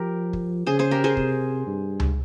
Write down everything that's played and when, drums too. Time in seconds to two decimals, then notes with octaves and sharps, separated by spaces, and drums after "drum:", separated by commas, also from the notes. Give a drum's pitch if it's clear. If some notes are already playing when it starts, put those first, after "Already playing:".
Already playing: F3 G4 A#4
0.33 drum: kick
0.67 C#3 G#4 C5
0.79 G#4 C5
0.91 G4 A#4
1.04 G#4 C5
1.17 C3, drum: kick
1.66 G2
2.00 drum: tom C#2